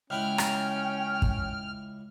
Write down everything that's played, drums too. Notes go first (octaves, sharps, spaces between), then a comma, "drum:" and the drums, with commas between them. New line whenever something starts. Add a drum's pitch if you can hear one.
C#2 C#4 E4 F#5 G5 F6
drum: rim click
drum: kick